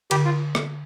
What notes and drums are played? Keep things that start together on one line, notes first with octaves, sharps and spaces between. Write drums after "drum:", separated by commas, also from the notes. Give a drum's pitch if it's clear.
D3 G4, drum: cymbal
F4
drum: rim click